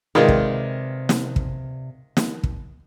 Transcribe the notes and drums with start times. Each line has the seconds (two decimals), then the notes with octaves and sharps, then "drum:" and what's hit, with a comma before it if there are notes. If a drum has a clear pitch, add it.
0.15 C3 D#3 G#3 F4 B4 D5
0.28 drum: kick
1.09 drum: snare
1.36 drum: kick
2.17 drum: snare
2.44 drum: kick